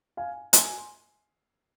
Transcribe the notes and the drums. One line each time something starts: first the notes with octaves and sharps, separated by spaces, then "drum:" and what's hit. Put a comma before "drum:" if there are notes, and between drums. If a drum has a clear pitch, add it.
F5 G#5
G#5 C6, drum: hi-hat